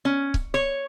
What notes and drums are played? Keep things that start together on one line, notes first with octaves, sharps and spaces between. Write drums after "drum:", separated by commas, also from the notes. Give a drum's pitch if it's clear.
C#4
drum: kick C#1
C#5